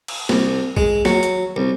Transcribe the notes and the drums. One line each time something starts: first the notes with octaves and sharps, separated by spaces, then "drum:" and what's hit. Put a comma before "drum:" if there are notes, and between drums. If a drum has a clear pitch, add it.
drum: cymbal
C2, drum: snare A#3
G#3, drum: kick B1
F#3, drum: snare A#3
drum: hi-hat
C2